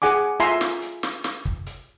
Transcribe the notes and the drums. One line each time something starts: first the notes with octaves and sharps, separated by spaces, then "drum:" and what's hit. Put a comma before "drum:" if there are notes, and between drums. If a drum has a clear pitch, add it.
G#4 F#5 G#5 D6
F4 E5 G#5 A#5 C6 E6, drum: hi-hat
drum: snare
drum: hi-hat
drum: snare
drum: snare
drum: kick
drum: hi-hat